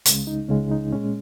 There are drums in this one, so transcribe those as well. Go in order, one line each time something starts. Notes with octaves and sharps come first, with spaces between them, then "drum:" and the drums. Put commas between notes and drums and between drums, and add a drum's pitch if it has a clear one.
C#2 C#3 G#3, drum: hi-hat
D#4
C#2 C#3 G#3 C#4
D#4
A#2 G#3 C#4